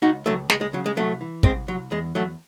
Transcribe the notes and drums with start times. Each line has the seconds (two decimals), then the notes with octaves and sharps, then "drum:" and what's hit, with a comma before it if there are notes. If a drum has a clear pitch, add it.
0.02 C#2 D#4 F#4
0.26 C#2 F#3 A3
0.50 C#2 G#3, drum: snare
0.61 G#3
0.73 C#3 F#3
0.86 G#3
0.97 C2 F#3 A3
1.21 E3
1.43 C2 G#3 C4, drum: kick
1.68 C2 F#3
1.91 E2 G#3
2.15 E2 F#3 A3